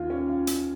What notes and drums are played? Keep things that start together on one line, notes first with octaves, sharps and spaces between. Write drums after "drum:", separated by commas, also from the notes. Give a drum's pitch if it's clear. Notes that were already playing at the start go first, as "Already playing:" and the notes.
Already playing: D#2 D#3 F4
C#4
F4
drum: hi-hat